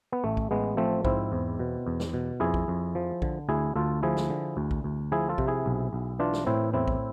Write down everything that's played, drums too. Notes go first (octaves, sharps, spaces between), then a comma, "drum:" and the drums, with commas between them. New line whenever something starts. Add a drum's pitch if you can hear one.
B3
A1 A3
drum: kick A#1
A1 G#3 B3
F3 A3 C4
G#2 C4 E4, drum: kick A#1
E2
B2
E2
drum: snare
B2
F2 E4 G#4
drum: kick A#1
F2
F3
D3, drum: kick A#1
D2 E4 G#4
D2 F4 A4
F3 E4 G#4
drum: snare
D3
D2
drum: kick A#1
D2
F3 E4 G#4
F4 A4
C3, drum: kick A#1
E4 G#4
B1
B1
E3 D4 F4
drum: snare
A2 C4 E4
E2 C4 E4
drum: kick A#1